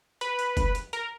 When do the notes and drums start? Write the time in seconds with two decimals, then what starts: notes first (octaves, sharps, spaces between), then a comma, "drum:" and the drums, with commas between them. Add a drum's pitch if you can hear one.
0.21 B4, drum: hi-hat
0.39 drum: hi-hat
0.57 drum: kick, hi-hat
0.75 drum: hi-hat
0.93 A#4, drum: hi-hat